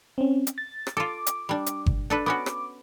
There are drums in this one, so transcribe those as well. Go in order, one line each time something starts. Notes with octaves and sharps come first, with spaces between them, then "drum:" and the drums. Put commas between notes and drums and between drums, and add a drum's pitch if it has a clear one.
C4 C#4
drum: hi-hat
A6
drum: rim click
F4 A4 D6
drum: hi-hat
G3 D4
drum: hi-hat
drum: kick G1
D4 A4 B4
B3 C#4 F#4 D6
drum: rim click